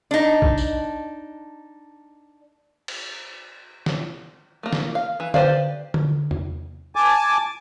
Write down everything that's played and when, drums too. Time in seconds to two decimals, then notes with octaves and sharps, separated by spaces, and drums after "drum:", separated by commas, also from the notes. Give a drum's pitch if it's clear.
0.11 D4 D#4
0.42 drum: kick A#1
0.58 drum: tambourine
2.88 drum: cymbal
3.86 drum: snare
4.63 A3 A#3
4.73 drum: snare
4.95 F5
5.20 E3
5.34 G4 B4 C5 D5 F5, drum: tom D3
5.94 drum: tom D3
6.31 drum: tom E2
6.96 G#5 A5 D6